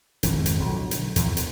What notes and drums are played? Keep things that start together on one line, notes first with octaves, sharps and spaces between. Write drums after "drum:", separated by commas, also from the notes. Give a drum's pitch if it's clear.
G#1 F2 G#2, drum: hi-hat
drum: hi-hat
B1 D3 F#3
drum: hi-hat
E2, drum: hi-hat
drum: hi-hat